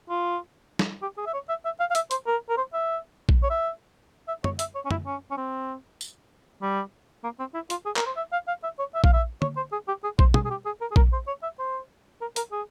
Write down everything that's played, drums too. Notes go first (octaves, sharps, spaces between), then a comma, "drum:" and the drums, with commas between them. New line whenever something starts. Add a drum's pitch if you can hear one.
F4
drum: snare
G4
G#4
E5
C#5
E5
E5
F5
F5
E5, drum: hi-hat
C5, drum: hi-hat
A#4
A#4
C5
E5
drum: kick A#1
C#5
E5
E5
C#5, drum: tom F#2
E5, drum: hi-hat
C#5
C#4
E4, drum: tom F#2
C#4
C#4
C4
drum: tambourine
G3
A#3
C4
E4
F4, drum: hi-hat
G#4
A#4, drum: clap
C5
E5
F5
F5
E5
C#5
E5
F5, drum: kick A#1
E5
C#5, drum: tom D3
C5
G#4
G4
G#4
C5, drum: kick A#1
G#4, drum: tom B2
G#4
G4
G#4
A#4
G#4
A#4, drum: kick A#1
C5
C#5
E5
C5
A#4
A#4, drum: hi-hat
G#4